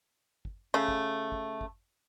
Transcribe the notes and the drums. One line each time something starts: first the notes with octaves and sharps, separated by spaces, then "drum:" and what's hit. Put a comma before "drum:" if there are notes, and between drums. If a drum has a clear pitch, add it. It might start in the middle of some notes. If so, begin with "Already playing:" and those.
drum: kick
C#3 A3
drum: kick
drum: kick
drum: kick